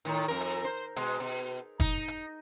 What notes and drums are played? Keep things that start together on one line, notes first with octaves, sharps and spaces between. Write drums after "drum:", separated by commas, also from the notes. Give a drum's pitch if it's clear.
A2 D#3
F2 A#4
drum: hi-hat
C5
B2 G#3, drum: hi-hat
B2
D#4, drum: kick, hi-hat
drum: hi-hat